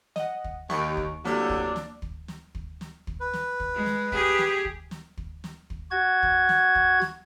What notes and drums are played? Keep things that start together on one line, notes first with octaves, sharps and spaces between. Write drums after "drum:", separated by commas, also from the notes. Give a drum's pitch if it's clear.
D#5 F#5, drum: snare
drum: kick
D#2 C#6 D7, drum: snare
drum: kick
A2 C3 F#3 A#3 D4 E6, drum: snare
drum: kick
drum: snare
drum: kick
drum: snare
drum: kick
drum: snare
drum: kick
B4
drum: snare
drum: kick
G#3
drum: snare
G4 G#4, drum: kick
drum: snare
drum: kick
drum: snare
drum: kick
drum: snare
drum: kick
F#4 G#6
drum: kick
drum: snare
drum: kick
drum: snare